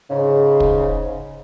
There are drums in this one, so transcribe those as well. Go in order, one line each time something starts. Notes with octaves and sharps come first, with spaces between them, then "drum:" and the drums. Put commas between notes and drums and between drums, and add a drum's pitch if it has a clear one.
G#2 C#3
drum: kick